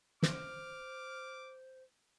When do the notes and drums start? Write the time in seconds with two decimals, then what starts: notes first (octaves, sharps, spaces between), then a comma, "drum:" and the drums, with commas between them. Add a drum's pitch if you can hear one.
0.22 C5 D6 F6, drum: snare